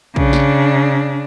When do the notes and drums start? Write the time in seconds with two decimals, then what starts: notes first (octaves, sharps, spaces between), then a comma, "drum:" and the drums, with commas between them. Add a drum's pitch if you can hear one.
0.16 C#3 D4, drum: kick
0.33 drum: snare